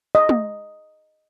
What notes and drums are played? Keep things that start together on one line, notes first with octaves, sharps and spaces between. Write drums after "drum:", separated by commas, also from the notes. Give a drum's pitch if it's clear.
D#5
drum: tom